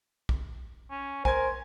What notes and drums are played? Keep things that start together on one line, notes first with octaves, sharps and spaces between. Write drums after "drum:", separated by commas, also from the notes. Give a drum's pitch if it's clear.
drum: kick
C#4
A#4 C5 G#5 G#6, drum: kick